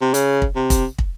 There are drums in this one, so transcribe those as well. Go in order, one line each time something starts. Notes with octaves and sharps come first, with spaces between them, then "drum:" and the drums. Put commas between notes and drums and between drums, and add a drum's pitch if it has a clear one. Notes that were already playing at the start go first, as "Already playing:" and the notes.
C3
C#3, drum: hi-hat
drum: kick
C3
drum: kick, hi-hat
drum: kick